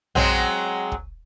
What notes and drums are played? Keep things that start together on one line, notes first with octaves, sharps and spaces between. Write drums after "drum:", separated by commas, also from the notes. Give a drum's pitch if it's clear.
F#3 G#3 C4, drum: tom A#1
drum: kick